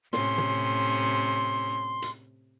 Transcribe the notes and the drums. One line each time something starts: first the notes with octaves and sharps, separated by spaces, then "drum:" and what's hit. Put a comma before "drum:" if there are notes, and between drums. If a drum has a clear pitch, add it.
A2 C3 C#4 C6, drum: snare
drum: tom
drum: hi-hat